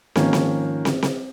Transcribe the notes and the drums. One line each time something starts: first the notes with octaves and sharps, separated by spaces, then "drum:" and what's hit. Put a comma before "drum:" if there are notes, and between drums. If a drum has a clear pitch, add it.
G#2 D#3 F3 A#3 C#4, drum: snare
drum: snare
drum: snare
drum: snare